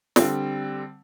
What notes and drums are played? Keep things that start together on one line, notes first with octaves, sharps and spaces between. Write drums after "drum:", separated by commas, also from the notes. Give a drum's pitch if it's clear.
D3 G3 C4, drum: snare